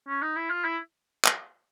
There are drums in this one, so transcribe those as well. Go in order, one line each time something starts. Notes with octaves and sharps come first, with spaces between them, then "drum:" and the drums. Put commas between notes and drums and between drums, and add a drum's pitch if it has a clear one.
C#4
D#4
E4
F4
E4
drum: clap